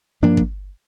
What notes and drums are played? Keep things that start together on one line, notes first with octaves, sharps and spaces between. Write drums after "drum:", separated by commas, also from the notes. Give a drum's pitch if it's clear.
G2 F3 A#3 D4
drum: kick